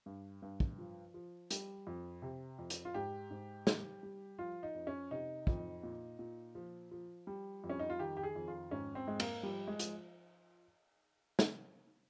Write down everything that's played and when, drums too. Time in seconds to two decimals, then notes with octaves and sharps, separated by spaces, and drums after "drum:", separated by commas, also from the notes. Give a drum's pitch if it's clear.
0.06 G2
0.42 G2
0.60 drum: kick
0.78 F3
1.14 F3
1.51 G3, drum: hi-hat
1.87 F2
2.22 C3
2.59 F2
2.70 drum: hi-hat
2.85 F4
2.94 G#2 G4
3.31 G#2
3.67 G3, drum: snare
4.03 G3
4.39 F3 F4
4.63 D#4
4.75 F2
4.87 C#4
5.11 C3 D#4
5.47 F2, drum: kick
5.83 A#2
6.19 A#2
6.55 F3
6.91 F3
7.27 G3
7.64 F2
7.69 C#4
7.79 D#4
7.90 F4
7.99 D#3 G4
8.17 G4
8.23 G#4
8.36 F2
8.48 F4
8.71 G#2 C#4
8.95 C4
9.07 G#2 G#3
9.20 A#3, drum: cymbal
9.43 F3 G3
9.68 G#3
9.79 F3, drum: hi-hat
11.39 drum: snare